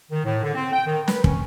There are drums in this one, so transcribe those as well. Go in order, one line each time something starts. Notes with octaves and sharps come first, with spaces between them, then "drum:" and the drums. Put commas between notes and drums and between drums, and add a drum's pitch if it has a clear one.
D#3
A2
D3
C4
G5
D#3
B4, drum: snare
C#4, drum: kick